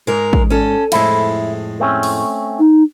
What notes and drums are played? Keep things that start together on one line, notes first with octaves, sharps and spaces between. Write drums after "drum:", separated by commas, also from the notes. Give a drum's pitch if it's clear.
G#2 G#3 A#4
drum: kick
C#4 A4
F2 A2 G#3 E4, drum: cymbal
A3 C4 C#4
drum: open hi-hat
D#4